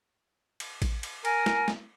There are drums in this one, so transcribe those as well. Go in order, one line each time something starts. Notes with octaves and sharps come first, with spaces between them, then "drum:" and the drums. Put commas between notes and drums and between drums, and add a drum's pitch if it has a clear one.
drum: cymbal
drum: kick A1, cymbal
drum: cymbal
A#4 G#5, drum: cymbal
drum: snare
drum: snare